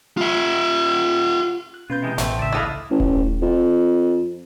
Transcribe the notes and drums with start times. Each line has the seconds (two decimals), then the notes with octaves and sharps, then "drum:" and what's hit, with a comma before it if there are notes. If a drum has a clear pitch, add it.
0.17 F4 E5
1.74 F#6
1.90 B2 C#4 F4 B4 G6
2.02 C3 E3 G#3
2.18 A1 E2 A3 C4, drum: snare
2.39 C#2 D5 E5
2.52 D4 E4 A4 D#5 F5
2.91 A1
3.00 drum: kick D#1
3.42 F2